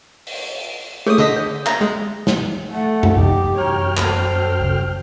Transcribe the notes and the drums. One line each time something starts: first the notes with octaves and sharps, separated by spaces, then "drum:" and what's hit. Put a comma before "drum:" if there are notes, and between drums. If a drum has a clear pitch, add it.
drum: open hi-hat
A3 G#4 C#5 D#6
D3 D#5 B6, drum: tambourine
C#5
E5 A#5, drum: clap
G#3
drum: snare
A3 F#5
drum: tom F#2
C3 E3 D#4 G4
F#2 C#5 G5 A#5 F6
D3 A4 C5, drum: clap
C#3